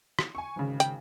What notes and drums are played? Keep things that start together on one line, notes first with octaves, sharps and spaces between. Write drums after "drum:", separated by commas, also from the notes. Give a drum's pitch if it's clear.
drum: rim click
G#5 C#6
G#1 C#3
G5, drum: hi-hat